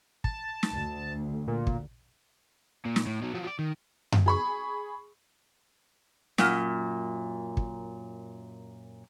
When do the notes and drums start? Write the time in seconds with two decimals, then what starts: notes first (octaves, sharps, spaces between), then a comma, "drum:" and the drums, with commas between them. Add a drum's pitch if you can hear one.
0.24 A5, drum: kick
0.63 drum: snare
0.72 D2
1.48 A#2
1.67 drum: kick
2.85 A#2
2.96 drum: snare
3.07 A2
3.22 B2 F#3
3.34 F3 F#3
3.47 D5
3.59 D#3
4.12 drum: tom F#2
4.26 G#4 B5 C#6
6.38 F#2 A#2, drum: snare
7.57 drum: kick